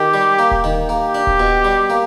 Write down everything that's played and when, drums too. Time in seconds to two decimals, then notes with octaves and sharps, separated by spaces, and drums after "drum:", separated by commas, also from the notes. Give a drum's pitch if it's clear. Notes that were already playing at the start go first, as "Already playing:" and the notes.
Already playing: D#3 G4
0.14 G3
0.39 A#3
0.51 drum: kick D#1
0.64 D#3
0.89 A#3 G4
1.15 D4
1.27 drum: kick D#1
1.40 B2
1.65 G3
1.90 A#3